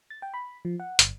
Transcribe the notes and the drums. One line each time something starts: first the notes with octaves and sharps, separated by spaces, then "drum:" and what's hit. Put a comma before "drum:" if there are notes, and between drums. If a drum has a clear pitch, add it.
A6
G5
B5
F3
F#5
G1, drum: hi-hat